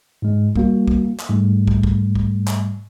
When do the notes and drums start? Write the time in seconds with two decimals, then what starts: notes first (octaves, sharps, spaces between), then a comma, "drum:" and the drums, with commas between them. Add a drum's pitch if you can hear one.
0.22 G#2 G#3
0.56 G3 A#3 F#4, drum: kick
0.88 drum: kick
1.19 drum: clap
1.29 G#2 G3 A3
1.67 drum: kick
1.83 drum: kick
2.15 drum: kick
2.47 drum: clap